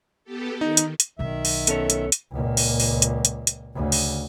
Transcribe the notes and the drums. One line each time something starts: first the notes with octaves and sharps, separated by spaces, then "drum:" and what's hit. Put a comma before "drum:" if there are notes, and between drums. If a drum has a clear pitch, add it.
B3 G4 A4
D#3 D#4
drum: hi-hat
drum: hi-hat
B1 D#3 F#3 E5
drum: open hi-hat
B3 C#4 A4 C#5, drum: hi-hat
drum: hi-hat
drum: hi-hat
C#2 A#2
drum: open hi-hat
drum: open hi-hat
drum: hi-hat
drum: hi-hat
drum: hi-hat
D2 C#3
drum: open hi-hat